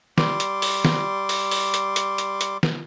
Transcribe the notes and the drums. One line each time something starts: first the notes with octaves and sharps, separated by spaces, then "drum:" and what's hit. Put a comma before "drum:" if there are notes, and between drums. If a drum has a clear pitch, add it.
G3 C6 D6, drum: snare
drum: hi-hat
drum: open hi-hat
drum: snare
drum: open hi-hat
drum: open hi-hat
drum: hi-hat
drum: hi-hat
drum: hi-hat
drum: hi-hat
drum: snare